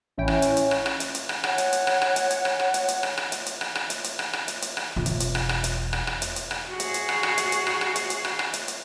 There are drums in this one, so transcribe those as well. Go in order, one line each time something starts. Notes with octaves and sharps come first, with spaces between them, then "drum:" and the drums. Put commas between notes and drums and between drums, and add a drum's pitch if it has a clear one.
A1 C#4 E4 G5
drum: rim click
drum: hi-hat
drum: hi-hat
drum: rim click
drum: rim click
drum: hi-hat
drum: hi-hat
drum: rim click
C#5 F#5 G#5 F#6, drum: rim click
drum: hi-hat
drum: hi-hat
drum: rim click
drum: rim click
drum: hi-hat
drum: hi-hat
drum: rim click
drum: rim click
drum: hi-hat
drum: hi-hat
drum: rim click
drum: rim click
drum: hi-hat
drum: hi-hat
drum: rim click
drum: rim click
drum: hi-hat
drum: hi-hat
drum: rim click
drum: rim click
drum: hi-hat
drum: hi-hat
drum: rim click
E1 F4
drum: hi-hat
drum: hi-hat
drum: rim click
drum: rim click
drum: hi-hat
drum: rim click
drum: rim click
drum: hi-hat
drum: hi-hat
drum: rim click
F#4 G#4
drum: hi-hat
drum: hi-hat
drum: rim click
drum: rim click
drum: hi-hat
drum: hi-hat
drum: rim click
drum: rim click
drum: hi-hat
drum: hi-hat
drum: rim click
drum: rim click
drum: hi-hat
drum: hi-hat